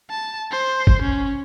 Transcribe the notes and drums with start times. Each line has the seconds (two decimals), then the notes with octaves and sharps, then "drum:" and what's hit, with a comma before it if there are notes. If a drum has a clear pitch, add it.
0.10 A5
0.51 C5
0.87 drum: kick G1
1.02 C#4